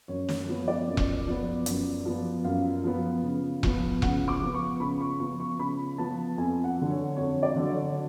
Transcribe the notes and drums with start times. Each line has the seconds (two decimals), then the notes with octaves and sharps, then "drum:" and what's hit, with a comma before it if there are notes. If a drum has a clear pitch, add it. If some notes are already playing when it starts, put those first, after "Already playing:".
0.08 F#2 C#5
0.29 C#5, drum: snare
0.48 F3 B3 C#5
0.68 D5
0.87 F#2
0.97 drum: kick E1
1.27 F3 B3
1.66 F#2, drum: hi-hat
2.05 F3 B3
2.44 F#2 F5
2.84 F3 B3
3.23 C#3
3.63 F3 B3, drum: kick E1
4.02 C#3 F#5, drum: kick E1
4.28 D6
4.41 F3 B3
4.54 C#6
4.80 C#3 B5
5.01 C#6
5.19 F3 B3 C#6
5.40 C#6
5.59 C#3 B5
5.98 F3 B3 A5
6.37 F2 G#5
6.64 F#5
6.77 D3 F#3
6.90 C#5
7.17 F2 C#5
7.43 D5
7.56 D3 F#3
7.69 C#5